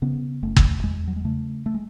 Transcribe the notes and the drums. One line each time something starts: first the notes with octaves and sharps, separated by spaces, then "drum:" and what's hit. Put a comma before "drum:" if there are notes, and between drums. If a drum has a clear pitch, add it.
C#3 B3
F#1 A3
drum: kick
E2 G#3
F#3
G#3
C#3 A3
A3
G#3